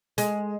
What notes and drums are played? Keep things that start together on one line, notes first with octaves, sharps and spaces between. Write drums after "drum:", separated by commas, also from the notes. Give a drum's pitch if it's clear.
G#3, drum: hi-hat